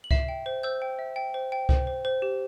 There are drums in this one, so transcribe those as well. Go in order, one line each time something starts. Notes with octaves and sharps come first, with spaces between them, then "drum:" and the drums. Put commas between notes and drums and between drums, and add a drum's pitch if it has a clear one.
F#7
E5 C7 E7, drum: kick C2
G5
C5
C5 E6 G6
G5
E5
G5
C5
G5
C5, drum: kick C2
C5
C5
G4